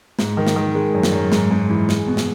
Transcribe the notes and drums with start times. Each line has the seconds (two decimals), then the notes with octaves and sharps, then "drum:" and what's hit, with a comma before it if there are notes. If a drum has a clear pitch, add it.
0.19 G#2, drum: snare
0.37 D#3
0.47 drum: snare
0.56 D#3
0.75 G#3
0.94 F#2
1.03 drum: snare
1.12 F#2
1.32 G#2, drum: snare
1.51 G#2
1.70 E3
1.89 G#3, drum: snare
2.07 B2
2.17 drum: snare